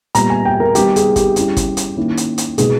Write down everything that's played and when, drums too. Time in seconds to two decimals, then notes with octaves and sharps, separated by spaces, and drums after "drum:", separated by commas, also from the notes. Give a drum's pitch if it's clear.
0.15 A#2 G3 B3 A#5, drum: hi-hat
0.30 G#5
0.45 G5
0.60 A#4
0.75 D#3 G3 B3 D#4 G4, drum: hi-hat
0.96 G#4, drum: hi-hat
1.16 G4, drum: kick, hi-hat
1.36 G3 C#4 E4, drum: hi-hat
1.57 drum: kick, hi-hat
1.77 drum: hi-hat
1.97 D#3 A#3 C#4 E4
2.17 drum: hi-hat
2.38 drum: hi-hat
2.58 B2 G#3 B3 D#4 G#4, drum: hi-hat